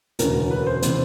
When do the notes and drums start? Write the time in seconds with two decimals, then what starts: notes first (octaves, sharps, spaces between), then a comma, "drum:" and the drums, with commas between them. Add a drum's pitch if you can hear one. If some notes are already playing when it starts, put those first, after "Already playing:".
0.19 E1 D2 C#3 E3 A#4, drum: hi-hat
0.51 B4
0.66 C5
0.82 C3 E3 C5, drum: hi-hat